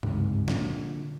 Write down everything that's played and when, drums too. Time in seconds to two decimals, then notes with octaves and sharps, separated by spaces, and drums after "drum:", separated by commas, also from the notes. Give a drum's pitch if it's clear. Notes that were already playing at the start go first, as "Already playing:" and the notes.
0.03 C#2 G#2 C3, drum: tom G2
0.48 A#2 D3, drum: snare